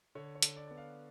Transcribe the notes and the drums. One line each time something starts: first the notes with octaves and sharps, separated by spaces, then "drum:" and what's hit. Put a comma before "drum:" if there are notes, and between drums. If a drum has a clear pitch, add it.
D3 C#5
C#5
D3, drum: hi-hat
D5
B3 D5
F5